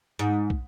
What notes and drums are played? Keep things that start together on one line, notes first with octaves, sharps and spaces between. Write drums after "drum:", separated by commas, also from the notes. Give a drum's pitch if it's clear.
G#2, drum: hi-hat
drum: kick